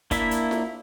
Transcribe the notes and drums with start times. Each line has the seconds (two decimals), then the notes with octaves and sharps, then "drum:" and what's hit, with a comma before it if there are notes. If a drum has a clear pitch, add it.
0.11 A#3 D4 E4 E5, drum: kick, hi-hat
0.31 drum: hi-hat
0.51 drum: snare F4